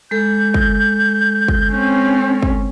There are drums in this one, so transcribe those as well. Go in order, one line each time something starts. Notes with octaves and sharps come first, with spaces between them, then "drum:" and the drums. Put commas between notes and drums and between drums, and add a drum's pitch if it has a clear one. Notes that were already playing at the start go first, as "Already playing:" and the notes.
G#3 A4 G6
drum: kick
drum: kick
C4 C#4
drum: kick